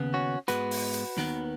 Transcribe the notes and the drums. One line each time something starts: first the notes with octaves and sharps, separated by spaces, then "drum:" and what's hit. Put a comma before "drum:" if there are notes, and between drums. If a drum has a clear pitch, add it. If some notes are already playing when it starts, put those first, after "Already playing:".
Already playing: D#2 C#3 B3
C#4 F#4
G#2 G#3 B3 F#4 B4, drum: hi-hat
drum: open hi-hat
drum: hi-hat
D#2 D#3 B3, drum: snare